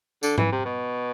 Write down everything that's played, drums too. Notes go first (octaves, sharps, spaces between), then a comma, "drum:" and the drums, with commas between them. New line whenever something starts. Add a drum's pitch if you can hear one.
D3, drum: tambourine
E3, drum: tom G#2
C3
B2